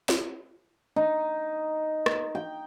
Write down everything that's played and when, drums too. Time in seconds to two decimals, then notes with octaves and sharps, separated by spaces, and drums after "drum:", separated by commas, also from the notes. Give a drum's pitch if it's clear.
0.09 drum: snare
0.96 D#4
2.06 drum: rim click
2.35 G5